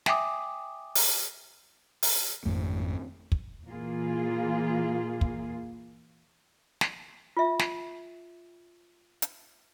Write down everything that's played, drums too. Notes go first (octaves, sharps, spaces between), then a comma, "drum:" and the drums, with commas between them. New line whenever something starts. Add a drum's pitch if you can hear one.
E5 G5 G#5 D6 D#6, drum: snare
drum: open hi-hat
drum: open hi-hat
G#1 F2 A3
drum: kick
A#2 E3 A#3 F4 G#4
drum: kick
drum: snare
F4 E5
drum: snare
drum: hi-hat